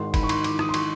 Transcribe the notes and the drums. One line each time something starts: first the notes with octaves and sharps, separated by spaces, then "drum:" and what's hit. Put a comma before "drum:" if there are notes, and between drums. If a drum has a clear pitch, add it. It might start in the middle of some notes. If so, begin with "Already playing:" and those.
Already playing: G#1 G#2 D#3 C6
B5, drum: kick, cymbal
C#6
C6, drum: cymbal
D6, drum: cymbal
D#6, drum: rim click
C6
C#6, drum: cymbal